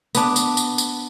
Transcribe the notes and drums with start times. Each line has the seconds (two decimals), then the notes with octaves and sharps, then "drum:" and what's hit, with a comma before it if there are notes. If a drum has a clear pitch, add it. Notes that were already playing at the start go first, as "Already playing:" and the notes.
0.15 B3 D4, drum: tambourine
0.36 drum: tambourine
0.57 drum: tambourine
0.78 drum: tambourine